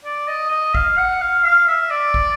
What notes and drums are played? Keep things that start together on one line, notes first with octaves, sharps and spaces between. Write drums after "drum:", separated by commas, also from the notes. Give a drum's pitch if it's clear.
D5
D#5
D#5
F5, drum: kick
F#5
F5
F5
E5
D5
drum: kick